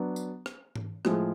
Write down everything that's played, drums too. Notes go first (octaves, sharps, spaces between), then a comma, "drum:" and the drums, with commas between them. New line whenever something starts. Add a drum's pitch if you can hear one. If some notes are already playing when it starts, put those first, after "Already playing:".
Already playing: F#3 B3 D4
drum: tambourine
drum: rim click
drum: tom G#2
A2 F3 G#3, drum: rim click